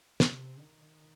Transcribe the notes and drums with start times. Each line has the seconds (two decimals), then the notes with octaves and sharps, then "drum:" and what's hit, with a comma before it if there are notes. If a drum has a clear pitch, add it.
0.20 C3, drum: snare
0.59 D#3